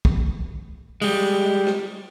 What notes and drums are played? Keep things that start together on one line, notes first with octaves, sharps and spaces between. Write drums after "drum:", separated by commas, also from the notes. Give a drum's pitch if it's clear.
drum: kick
G3 G#3, drum: open hi-hat
drum: rim click